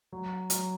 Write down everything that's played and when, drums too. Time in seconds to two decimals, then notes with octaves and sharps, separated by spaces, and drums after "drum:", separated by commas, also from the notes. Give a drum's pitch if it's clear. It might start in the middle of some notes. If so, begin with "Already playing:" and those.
0.12 F#3
0.50 F#3, drum: hi-hat